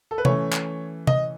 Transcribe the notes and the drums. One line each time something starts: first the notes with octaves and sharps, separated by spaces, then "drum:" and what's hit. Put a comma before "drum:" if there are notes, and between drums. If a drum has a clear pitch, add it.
A4
B4
E3 A3 C#4 C#5, drum: tom C3
drum: clap
D#5, drum: tom C3